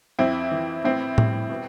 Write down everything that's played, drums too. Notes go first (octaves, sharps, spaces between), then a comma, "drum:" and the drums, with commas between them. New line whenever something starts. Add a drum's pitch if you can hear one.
F2 C4 E4
E3
A2 C4 E4
G3, drum: tom A2
B2